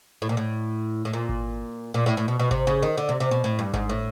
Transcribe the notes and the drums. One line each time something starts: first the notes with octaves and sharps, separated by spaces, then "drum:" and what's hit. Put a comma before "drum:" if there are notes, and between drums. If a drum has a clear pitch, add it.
A2
A#2
A2
A2
A#2
drum: kick G#1
A#2
A2
A2
B2
B2
C3, drum: kick G#1
C#3
D#3
D3
C3
C3
B2
A2
G2
G#2, drum: kick G#1
A2